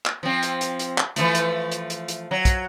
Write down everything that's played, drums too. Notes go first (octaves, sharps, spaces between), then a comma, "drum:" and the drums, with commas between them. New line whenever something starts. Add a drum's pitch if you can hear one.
drum: clap
F3 C4
drum: hi-hat
drum: hi-hat
drum: hi-hat
drum: clap
E3 F3 A3, drum: hi-hat
drum: hi-hat
drum: hi-hat
drum: hi-hat
drum: hi-hat
F#3
drum: kick, hi-hat